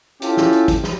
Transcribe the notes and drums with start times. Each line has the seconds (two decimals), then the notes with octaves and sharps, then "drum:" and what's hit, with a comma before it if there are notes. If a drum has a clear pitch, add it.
0.22 C#4 E4 F4 G4 A4, drum: hi-hat
0.37 drum: snare
0.53 drum: hi-hat
0.68 drum: kick, hi-hat
0.84 drum: snare